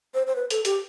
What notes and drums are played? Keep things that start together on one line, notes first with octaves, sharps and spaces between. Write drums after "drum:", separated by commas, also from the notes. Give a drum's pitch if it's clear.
C5
C5
B4
A4, drum: hi-hat
G4, drum: hi-hat